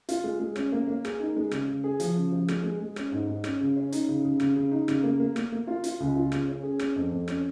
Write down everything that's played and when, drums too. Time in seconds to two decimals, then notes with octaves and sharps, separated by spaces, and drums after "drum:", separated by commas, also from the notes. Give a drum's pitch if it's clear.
0.09 F4, drum: hi-hat
0.24 G#3
0.39 G#3
0.56 C#4, drum: rim click
0.72 A#3
0.88 A#3
1.05 G#4, drum: rim click
1.20 D#4
1.36 G#3
1.51 C#3, drum: rim click
1.68 C#3
1.84 G#4
2.00 F3, drum: hi-hat
2.16 C#3
2.32 F3
2.48 G#3, drum: rim click
2.64 G#3
2.80 G#3
2.96 C#4, drum: rim click
3.12 G#2
3.27 G#2
3.44 C#4, drum: rim click
3.61 C#3
3.77 C#4
3.92 D#4, drum: hi-hat
4.08 C#3
4.24 C#3
4.40 C#3, drum: rim click
4.56 C#3
4.72 D#4
4.88 C#3, drum: rim click
5.03 A#3
5.20 A#3
5.36 A#3, drum: rim click
5.52 A#3
5.67 F4
5.84 F4, drum: hi-hat
6.00 C#2
6.16 F4
6.32 C#3, drum: rim click
6.48 C#4
6.63 G#4
6.79 C#4, drum: rim click
6.96 F2
7.11 F2
7.28 C#4, drum: rim click